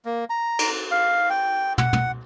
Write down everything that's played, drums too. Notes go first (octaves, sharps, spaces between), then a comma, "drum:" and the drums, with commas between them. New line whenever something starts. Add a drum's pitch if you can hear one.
A#3
A#5
drum: cymbal
F5
G5
F#5, drum: tom
drum: tom